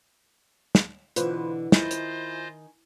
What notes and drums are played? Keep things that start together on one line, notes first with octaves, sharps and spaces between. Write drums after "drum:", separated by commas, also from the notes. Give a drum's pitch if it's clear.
drum: snare
B2 D3 E3 F4 B4 C5, drum: hi-hat
D#3 E4 F4 C5 D#5 G#5, drum: snare
drum: hi-hat